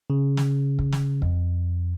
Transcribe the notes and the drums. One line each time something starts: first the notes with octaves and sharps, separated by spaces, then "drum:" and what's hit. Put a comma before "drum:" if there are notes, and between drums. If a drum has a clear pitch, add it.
C#3
drum: snare
drum: kick
drum: snare
F2, drum: kick